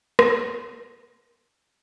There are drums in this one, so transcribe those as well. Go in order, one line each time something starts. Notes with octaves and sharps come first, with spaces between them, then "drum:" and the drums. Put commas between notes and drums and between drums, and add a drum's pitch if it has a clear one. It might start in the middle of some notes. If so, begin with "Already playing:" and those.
F#3 A3 C4 E4 G#4 A4, drum: rim click
A4
A3 C4 E4 A4 B4 D5